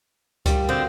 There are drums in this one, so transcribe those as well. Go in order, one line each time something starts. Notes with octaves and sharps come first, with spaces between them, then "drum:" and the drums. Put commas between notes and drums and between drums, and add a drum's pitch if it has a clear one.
G3 G4 A#4 F5, drum: kick C#2, hi-hat
D3 C4 F#4 F5 D#6